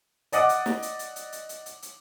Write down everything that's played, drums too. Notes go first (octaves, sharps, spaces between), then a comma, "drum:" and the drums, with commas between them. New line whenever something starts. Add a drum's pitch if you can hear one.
D5 D#5 F#5 D6 D#6, drum: hi-hat
drum: hi-hat
drum: snare
drum: hi-hat
drum: hi-hat
drum: hi-hat
drum: hi-hat
drum: hi-hat
drum: hi-hat
drum: hi-hat